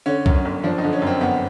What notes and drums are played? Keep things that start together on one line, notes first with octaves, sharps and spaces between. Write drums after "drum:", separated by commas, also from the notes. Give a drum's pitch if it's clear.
D3 C#4
F#2, drum: kick C2
C#4
G1
F3 D4
D#4
D3
C#4
F#2 C4
G1 B3